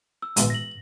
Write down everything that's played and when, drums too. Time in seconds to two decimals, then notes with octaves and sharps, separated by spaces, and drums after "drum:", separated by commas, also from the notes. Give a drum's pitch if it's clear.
0.22 E6
0.37 G#2 B2 E3, drum: hi-hat
0.50 A#6 F#7